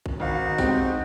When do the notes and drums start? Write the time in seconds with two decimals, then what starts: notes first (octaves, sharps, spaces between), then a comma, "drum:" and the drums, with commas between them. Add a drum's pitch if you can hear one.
0.06 drum: kick
0.20 G#1 D#4 F#4 F5
0.58 G#3 C4 G4, drum: kick, tambourine